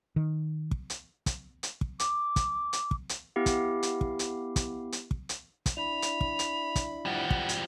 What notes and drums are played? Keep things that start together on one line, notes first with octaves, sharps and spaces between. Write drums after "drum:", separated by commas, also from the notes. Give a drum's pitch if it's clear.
D#3
drum: kick
drum: hi-hat
drum: kick, hi-hat
drum: hi-hat
drum: kick
D6, drum: hi-hat
drum: kick, hi-hat
drum: hi-hat
drum: kick
drum: hi-hat
B3 E4 G4 F5
drum: kick, hi-hat
drum: hi-hat
drum: kick
drum: hi-hat
drum: kick, hi-hat
drum: hi-hat
drum: kick
drum: hi-hat
drum: kick, hi-hat
D4 E4 B5 F7
drum: hi-hat
drum: kick
drum: hi-hat
drum: kick, hi-hat
F3 G3 F#5
drum: kick
drum: hi-hat